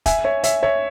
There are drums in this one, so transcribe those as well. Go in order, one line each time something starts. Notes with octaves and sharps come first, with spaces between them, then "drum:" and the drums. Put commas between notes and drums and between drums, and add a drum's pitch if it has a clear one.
E5 G#5, drum: kick, hi-hat
C#5 E5
C#5 E5, drum: hi-hat
C#5 E5